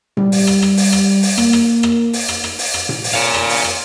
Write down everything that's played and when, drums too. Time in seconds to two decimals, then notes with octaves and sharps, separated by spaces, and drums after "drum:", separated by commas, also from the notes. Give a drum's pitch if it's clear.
0.17 G3, drum: tom A2
0.32 drum: open hi-hat
0.47 drum: rim click
0.62 drum: rim click
0.77 drum: open hi-hat
0.92 drum: rim click
1.23 drum: open hi-hat
1.38 A#3, drum: rim click
1.53 drum: rim click
1.83 drum: rim click
2.13 drum: open hi-hat
2.28 drum: rim click
2.44 drum: rim click
2.59 drum: open hi-hat
2.74 drum: rim click
2.89 drum: tom A2
3.04 drum: open hi-hat
3.14 A#2 C#5 F5
3.34 drum: rim click
3.49 drum: open hi-hat
3.64 drum: rim click